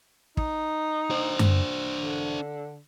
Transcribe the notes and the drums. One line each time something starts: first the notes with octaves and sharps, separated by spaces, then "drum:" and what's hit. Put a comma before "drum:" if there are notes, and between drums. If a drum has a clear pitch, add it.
D#4, drum: kick
D4 C5
drum: tom F#2
D3